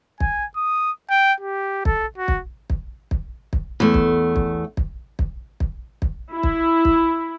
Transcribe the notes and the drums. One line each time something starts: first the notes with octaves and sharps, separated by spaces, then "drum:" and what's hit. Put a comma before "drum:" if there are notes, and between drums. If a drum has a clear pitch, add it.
G#5, drum: kick
D#6
G5
G4
A4, drum: kick
F#4
drum: kick
drum: kick
drum: kick
drum: kick
E2 A3
drum: kick
drum: kick
drum: kick
drum: kick
drum: kick
drum: kick
E4
drum: kick
drum: kick